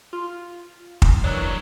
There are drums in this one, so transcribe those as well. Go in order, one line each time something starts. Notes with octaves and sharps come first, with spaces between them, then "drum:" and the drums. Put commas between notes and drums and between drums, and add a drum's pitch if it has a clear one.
F4
drum: kick
D#3 E3 F#3 D4 C#5